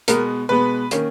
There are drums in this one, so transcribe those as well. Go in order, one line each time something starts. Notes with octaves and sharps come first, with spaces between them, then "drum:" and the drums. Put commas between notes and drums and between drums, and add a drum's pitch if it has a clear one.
B2 G#3 B3 A#4, drum: hi-hat
B2 G#3 B3 B4
D#3 A#3 C#4, drum: hi-hat